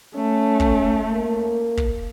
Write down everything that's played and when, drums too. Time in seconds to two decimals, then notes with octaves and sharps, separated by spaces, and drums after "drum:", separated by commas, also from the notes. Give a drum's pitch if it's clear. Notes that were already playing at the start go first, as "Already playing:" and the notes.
0.15 A3 C#4
0.60 drum: kick
1.13 A#3
1.77 drum: kick